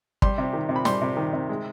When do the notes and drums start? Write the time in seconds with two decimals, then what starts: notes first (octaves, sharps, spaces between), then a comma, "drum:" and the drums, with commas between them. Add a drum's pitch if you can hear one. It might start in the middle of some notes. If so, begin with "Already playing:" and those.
0.22 G3 C6, drum: kick
0.38 C3
0.53 D#3
0.69 C3
0.76 B5
0.85 G3 C6, drum: snare
1.02 C3
1.17 D#3
1.33 C3
1.49 G#3